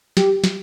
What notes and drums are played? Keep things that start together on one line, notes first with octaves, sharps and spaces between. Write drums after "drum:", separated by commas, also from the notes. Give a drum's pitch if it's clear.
G4, drum: snare
drum: snare